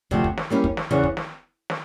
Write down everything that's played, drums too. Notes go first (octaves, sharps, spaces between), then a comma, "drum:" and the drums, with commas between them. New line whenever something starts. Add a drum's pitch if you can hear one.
D2 C3 F3, drum: kick
drum: kick
drum: snare
G3 A#3 C#4 E4
drum: kick
drum: snare
E2 C#3 E3
drum: kick
drum: snare
drum: snare